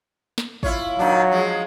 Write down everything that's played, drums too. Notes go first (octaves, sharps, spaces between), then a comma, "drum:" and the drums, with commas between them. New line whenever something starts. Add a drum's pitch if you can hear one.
drum: snare
E4 F4 C#5, drum: kick
A#2 D#3 F#3 D4
F3 G#3